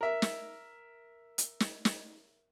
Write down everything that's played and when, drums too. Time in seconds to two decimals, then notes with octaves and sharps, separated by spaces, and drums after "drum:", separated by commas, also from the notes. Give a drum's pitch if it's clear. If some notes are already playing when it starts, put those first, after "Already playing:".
0.01 A#4 E5
0.22 drum: snare
1.38 drum: hi-hat
1.60 drum: snare
1.85 drum: snare